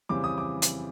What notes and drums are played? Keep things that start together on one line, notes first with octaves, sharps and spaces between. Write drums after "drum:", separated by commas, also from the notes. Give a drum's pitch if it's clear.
F2 C#3 E3 G3 C4 D6
D#6
D6
drum: hi-hat